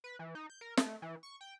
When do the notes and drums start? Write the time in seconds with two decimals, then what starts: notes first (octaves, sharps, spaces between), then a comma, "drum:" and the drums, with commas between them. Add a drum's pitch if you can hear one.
0.04 B4
0.19 E3
0.35 D#4
0.50 G6
0.61 A#4
0.77 A3, drum: snare
1.02 E3
1.23 C#6
1.41 G5